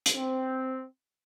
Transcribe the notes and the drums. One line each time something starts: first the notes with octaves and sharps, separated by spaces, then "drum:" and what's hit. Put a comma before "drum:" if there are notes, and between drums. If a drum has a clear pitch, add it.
drum: hi-hat
C4